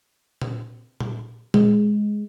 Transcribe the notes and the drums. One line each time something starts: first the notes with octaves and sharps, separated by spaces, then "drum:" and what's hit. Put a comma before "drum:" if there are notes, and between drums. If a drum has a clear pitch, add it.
drum: tom A#2
drum: tom A#2
G#3, drum: tom A#2